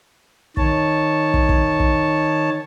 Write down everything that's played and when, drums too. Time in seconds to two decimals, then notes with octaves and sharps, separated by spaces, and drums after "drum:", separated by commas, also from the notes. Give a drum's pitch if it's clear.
0.57 D#3 C#5 A5, drum: kick
1.34 drum: kick
1.49 drum: kick
1.80 drum: kick